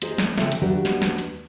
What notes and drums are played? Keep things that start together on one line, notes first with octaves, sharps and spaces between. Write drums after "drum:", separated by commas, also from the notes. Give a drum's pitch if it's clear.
F4 G#4 C5 D#5 A#5, drum: hi-hat
drum: snare
C#3 C4 F4 A4 C5 E5, drum: snare
drum: hi-hat
D#2 F#3 D4 G4 B4
drum: snare
drum: snare
drum: hi-hat